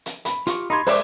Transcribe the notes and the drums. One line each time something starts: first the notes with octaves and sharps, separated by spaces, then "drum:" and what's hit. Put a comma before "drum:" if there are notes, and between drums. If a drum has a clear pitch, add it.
drum: hi-hat
B5, drum: hi-hat
F4 G4 C#6, drum: hi-hat
D#4 G4 B5 C6 G#6
G#3 G#4 C5 D5 E5 D6, drum: open hi-hat